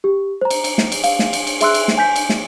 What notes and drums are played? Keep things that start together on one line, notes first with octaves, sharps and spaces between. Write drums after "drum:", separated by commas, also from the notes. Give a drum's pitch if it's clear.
G4
C5 A#5
drum: cymbal
drum: cymbal
drum: snare
drum: cymbal
F5, drum: cymbal
drum: snare
drum: cymbal
drum: cymbal
G#4 E5 C6 E6 F#6, drum: cymbal
drum: cymbal
drum: snare
G#5 G6 B6
drum: cymbal
drum: snare